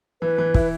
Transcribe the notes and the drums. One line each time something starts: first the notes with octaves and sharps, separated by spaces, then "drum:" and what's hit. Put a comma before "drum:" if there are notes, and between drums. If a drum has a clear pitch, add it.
E3 B4
E3
E4, drum: kick